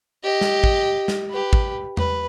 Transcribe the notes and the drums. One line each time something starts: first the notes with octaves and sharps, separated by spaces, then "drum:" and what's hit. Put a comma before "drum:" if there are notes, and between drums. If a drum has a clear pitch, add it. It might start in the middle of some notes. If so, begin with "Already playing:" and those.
G4 D#5
drum: snare
drum: kick
drum: snare
G4 B4
drum: kick
B4, drum: tom E2